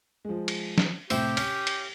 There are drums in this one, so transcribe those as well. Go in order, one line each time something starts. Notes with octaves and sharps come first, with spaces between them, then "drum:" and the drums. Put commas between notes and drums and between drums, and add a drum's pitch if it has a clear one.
F3 G#3
drum: cymbal
drum: snare
A2 C3 G4 C5 E5 G5, drum: cymbal
C#4 B6, drum: cymbal
drum: cymbal